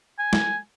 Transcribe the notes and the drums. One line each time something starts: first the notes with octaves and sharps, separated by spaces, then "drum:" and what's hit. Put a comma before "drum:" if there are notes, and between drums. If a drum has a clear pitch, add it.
G#5
drum: snare